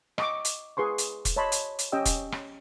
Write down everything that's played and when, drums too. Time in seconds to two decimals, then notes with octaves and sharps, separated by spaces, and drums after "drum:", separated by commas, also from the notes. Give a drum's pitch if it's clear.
0.18 D#5 C#6 D6, drum: rim click
0.45 drum: hi-hat
0.77 G#4 B4 C6 C#6
0.98 drum: hi-hat
1.25 drum: kick E1, hi-hat
1.36 C#5 D#5 A5 B5 C6
1.52 drum: hi-hat
1.79 drum: hi-hat
1.92 C#4 G4 D#5 G5 E6
2.06 drum: kick E1, hi-hat
2.32 drum: rim click